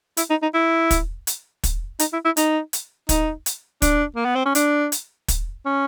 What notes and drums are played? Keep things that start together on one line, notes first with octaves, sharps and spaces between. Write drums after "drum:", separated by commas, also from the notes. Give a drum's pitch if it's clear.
E4, drum: hi-hat
D#4
D#4
E4
drum: kick, hi-hat
drum: hi-hat
drum: kick, hi-hat
D#4, drum: hi-hat
E4
E4
D#4, drum: hi-hat
drum: hi-hat
D#4, drum: kick, hi-hat
drum: hi-hat
D4, drum: kick, hi-hat
A#3
B3
C4
C#4
D4, drum: hi-hat
drum: hi-hat
drum: kick, hi-hat
C#4